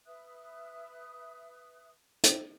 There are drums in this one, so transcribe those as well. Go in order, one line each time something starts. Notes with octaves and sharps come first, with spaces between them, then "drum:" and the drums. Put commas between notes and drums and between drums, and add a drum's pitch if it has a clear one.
B4 E5 D#6 F#6
drum: hi-hat